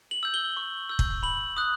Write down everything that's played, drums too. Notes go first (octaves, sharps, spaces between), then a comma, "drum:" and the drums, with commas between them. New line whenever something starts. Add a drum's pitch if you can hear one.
F#7
E6 G6
G7
C#6
E6 G6
drum: kick
B5 F#7
D#6 F#6